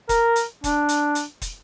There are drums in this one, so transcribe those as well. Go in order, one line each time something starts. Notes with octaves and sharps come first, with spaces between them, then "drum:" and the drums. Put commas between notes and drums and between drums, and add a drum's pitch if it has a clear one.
A#4, drum: kick, hi-hat
drum: hi-hat
D4, drum: kick, hi-hat
drum: hi-hat
drum: hi-hat
drum: kick, hi-hat